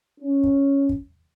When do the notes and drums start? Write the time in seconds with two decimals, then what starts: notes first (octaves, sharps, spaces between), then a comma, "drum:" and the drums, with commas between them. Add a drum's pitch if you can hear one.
0.20 C#4
0.43 drum: kick
0.89 drum: kick